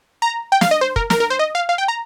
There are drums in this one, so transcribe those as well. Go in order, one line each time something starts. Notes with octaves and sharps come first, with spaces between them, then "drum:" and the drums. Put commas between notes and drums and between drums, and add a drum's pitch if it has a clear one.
A#5
G5
F5, drum: snare
D#5
C5
A#4, drum: kick
A#4, drum: snare
A#4
C5
D#5
F5
F5
G5
A#5